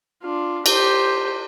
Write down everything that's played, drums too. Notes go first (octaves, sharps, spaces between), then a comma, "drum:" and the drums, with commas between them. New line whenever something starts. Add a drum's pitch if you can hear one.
D4 F4
G4 C5, drum: cymbal